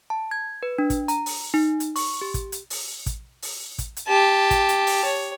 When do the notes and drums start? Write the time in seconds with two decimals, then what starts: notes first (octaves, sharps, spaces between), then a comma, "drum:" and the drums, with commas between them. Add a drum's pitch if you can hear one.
0.10 A5
0.31 G#6
0.63 B4
0.78 D4
0.90 drum: kick, hi-hat
1.08 A#5, drum: hi-hat
1.26 drum: open hi-hat
1.54 D#4
1.80 drum: hi-hat
1.96 C#6, drum: open hi-hat
2.21 G4
2.34 drum: kick, hi-hat
2.52 drum: hi-hat
2.70 drum: open hi-hat
3.06 drum: kick, hi-hat
3.42 drum: open hi-hat
3.78 drum: kick, hi-hat
3.97 drum: hi-hat
4.08 G4 A5
4.51 drum: kick, hi-hat
4.69 drum: hi-hat
4.87 drum: open hi-hat
5.05 C#5